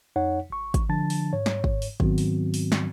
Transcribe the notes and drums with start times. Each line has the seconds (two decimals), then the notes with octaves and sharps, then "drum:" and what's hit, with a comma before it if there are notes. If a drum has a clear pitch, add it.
0.16 F2 D#4 C#5 F#5
0.50 G#1 C#6
0.74 drum: kick, hi-hat
0.89 D3 F3 D4 A5 A6
1.10 drum: open hi-hat
1.33 G#2 C#5
1.46 drum: snare
1.64 drum: kick
1.82 drum: open hi-hat
2.00 G#2 D#3 F#3 B3 C4 F#4, drum: kick
2.18 drum: open hi-hat
2.54 drum: open hi-hat
2.72 drum: snare